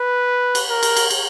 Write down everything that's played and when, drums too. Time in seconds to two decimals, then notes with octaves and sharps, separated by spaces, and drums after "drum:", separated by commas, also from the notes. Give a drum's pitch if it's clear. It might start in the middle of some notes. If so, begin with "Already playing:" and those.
Already playing: B4
0.55 drum: cymbal
0.69 A#4
0.83 drum: cymbal
0.97 drum: cymbal
1.10 drum: cymbal